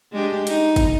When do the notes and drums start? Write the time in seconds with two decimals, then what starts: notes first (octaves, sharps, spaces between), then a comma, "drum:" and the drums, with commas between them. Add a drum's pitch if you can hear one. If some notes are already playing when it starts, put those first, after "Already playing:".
0.12 G#3 D4 G4
0.47 D#4, drum: hi-hat
0.76 drum: kick, hi-hat